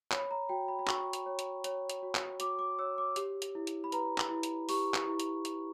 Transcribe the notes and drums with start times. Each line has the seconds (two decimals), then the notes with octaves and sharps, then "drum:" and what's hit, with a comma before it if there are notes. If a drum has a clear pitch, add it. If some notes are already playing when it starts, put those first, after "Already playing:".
0.11 C#5 B5, drum: clap
0.31 A#5
0.49 F#4 G5
0.68 B5
0.79 B5
0.87 F#4 C#6, drum: clap
1.13 drum: hi-hat
1.26 C#5
1.39 drum: hi-hat
1.64 C#5, drum: hi-hat
1.90 drum: hi-hat
2.03 F#4
2.15 drum: clap
2.40 F#4 D6, drum: hi-hat
2.59 D6
2.79 C#5 E6
2.98 D6
3.16 G4, drum: hi-hat
3.42 drum: hi-hat
3.55 E4
3.67 drum: hi-hat
3.84 B5
3.92 B4 A#5, drum: hi-hat
4.18 drum: clap
4.30 E4
4.43 drum: hi-hat
4.69 G4 C#6, drum: open hi-hat
4.94 drum: clap
5.07 E4
5.20 drum: hi-hat
5.45 drum: hi-hat